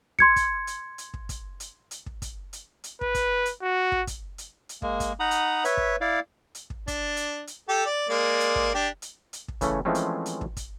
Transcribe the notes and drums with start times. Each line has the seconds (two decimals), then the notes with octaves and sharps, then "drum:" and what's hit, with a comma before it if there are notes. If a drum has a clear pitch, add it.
0.19 C6 G#6 C#7, drum: kick
0.36 drum: kick, hi-hat
0.67 drum: hi-hat
0.98 drum: hi-hat
1.14 drum: kick
1.29 drum: kick, hi-hat
1.60 drum: hi-hat
1.91 drum: hi-hat
2.06 drum: kick
2.22 drum: kick, hi-hat
2.53 drum: hi-hat
2.84 drum: hi-hat
3.01 B4, drum: kick
3.15 drum: kick, hi-hat
3.45 drum: hi-hat
3.62 F#4
3.92 drum: kick
4.07 drum: kick, hi-hat
4.38 drum: hi-hat
4.69 drum: hi-hat
4.82 G#3 A#3, drum: kick
5.00 drum: kick, hi-hat
5.20 D#4 F#5 A#5 B5 D#6
5.31 drum: hi-hat
5.65 B4 C#5 E5, drum: hi-hat
5.77 drum: kick
6.01 E4 D5 F5
6.55 drum: hi-hat
6.70 drum: kick
6.88 D4, drum: kick, hi-hat
7.16 drum: hi-hat
7.47 drum: hi-hat
7.69 G4 A4
7.86 D5
8.09 G#3 A#3 D5
8.40 drum: hi-hat
8.56 drum: kick
8.74 D4 G4
9.02 drum: hi-hat
9.33 drum: hi-hat
9.48 drum: kick
9.61 C#3 E3 A3 C#4, drum: kick, hi-hat
9.85 E3 F3 G#3 A3 C4 C#4
9.95 drum: hi-hat
10.26 drum: hi-hat
10.41 drum: kick
10.57 drum: kick, hi-hat